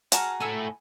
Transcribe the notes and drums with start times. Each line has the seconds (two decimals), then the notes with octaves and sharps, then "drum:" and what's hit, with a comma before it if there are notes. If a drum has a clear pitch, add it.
0.12 F#4 G#4 C#5 A5 A#5 F6, drum: hi-hat
0.40 A2 A3 G#5 E6